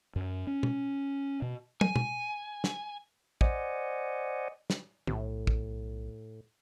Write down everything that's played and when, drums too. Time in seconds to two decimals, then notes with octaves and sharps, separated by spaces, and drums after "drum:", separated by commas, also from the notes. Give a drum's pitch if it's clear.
0.16 F#2
0.47 C#4
0.63 drum: tom
1.42 B2
1.81 G#5, drum: tom
1.96 drum: tom
2.64 drum: snare
3.41 C5 D5 D#5 F#5 G#5, drum: kick
4.70 drum: snare
5.07 B1 A2, drum: tom
5.47 drum: kick